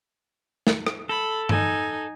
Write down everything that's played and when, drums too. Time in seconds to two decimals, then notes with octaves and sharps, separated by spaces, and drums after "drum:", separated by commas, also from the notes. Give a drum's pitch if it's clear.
0.67 drum: snare
0.87 drum: rim click
1.09 A4 B5
1.49 D#4 G#5, drum: tom G2